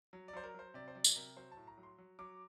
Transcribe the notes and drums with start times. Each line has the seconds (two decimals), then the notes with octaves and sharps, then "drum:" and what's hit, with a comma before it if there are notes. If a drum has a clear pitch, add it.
0.13 F#3
0.28 D5
0.33 F#3 C5
0.44 A#4
0.55 F#3 C5
0.74 C3 D5
0.88 C5
0.95 F#3 D5
1.04 drum: tambourine
1.16 C3 A#4
1.36 F#3 C5
1.52 A5
1.57 A2
1.67 A#5
1.78 F#3
1.83 C6
1.98 F#3
2.19 F#3 D6